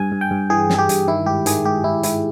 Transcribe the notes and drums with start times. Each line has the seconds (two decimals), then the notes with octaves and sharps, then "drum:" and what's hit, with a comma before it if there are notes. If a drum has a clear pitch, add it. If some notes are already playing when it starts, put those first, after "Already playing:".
Already playing: G2 G#5
0.12 G2
0.21 G5
0.31 G2
0.50 E3 G#4
0.70 E3, drum: snare
0.75 G#4
0.78 G4
0.89 G2, drum: hi-hat
1.08 D#3 E4
1.26 G#2 G4
1.46 D#3 G#4, drum: hi-hat
1.65 G#2 G4
1.84 G#2 E4
2.03 G#2 E4, drum: hi-hat